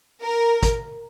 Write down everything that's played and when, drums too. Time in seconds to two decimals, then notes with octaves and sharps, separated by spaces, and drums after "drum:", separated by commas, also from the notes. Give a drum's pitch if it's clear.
0.24 A#4
0.63 drum: kick, hi-hat